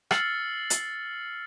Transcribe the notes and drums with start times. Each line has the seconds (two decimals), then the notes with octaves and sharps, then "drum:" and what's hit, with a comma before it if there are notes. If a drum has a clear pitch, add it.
0.11 E6 F6 A6 C7 C#7 F#7, drum: rim click
0.70 drum: hi-hat